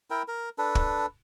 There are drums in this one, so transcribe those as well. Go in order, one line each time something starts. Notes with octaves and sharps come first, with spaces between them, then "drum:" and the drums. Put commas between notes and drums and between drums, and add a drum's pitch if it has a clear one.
E4 A#4 G5
A#4
D4 A4 B4
drum: kick